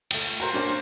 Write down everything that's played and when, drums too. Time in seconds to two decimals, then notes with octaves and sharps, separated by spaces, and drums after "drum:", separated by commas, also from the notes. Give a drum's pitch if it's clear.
0.11 C#2 A3, drum: cymbal
0.40 F#4 A#4 C5
0.53 A#3 C#4 D4 C5